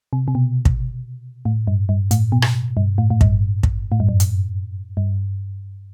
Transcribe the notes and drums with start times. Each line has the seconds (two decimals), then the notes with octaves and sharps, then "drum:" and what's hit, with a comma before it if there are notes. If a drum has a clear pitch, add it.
0.13 C3
0.28 C3
0.35 B2
0.65 drum: kick
1.45 A2
1.67 G2
1.89 G2
2.11 A2, drum: hi-hat
2.32 B2
2.42 drum: rim click
2.77 G2
2.98 A2
3.10 A2
3.21 G2, drum: kick
3.63 drum: kick
3.92 A2
4.00 G2
4.09 F#2
4.20 drum: hi-hat
4.97 G2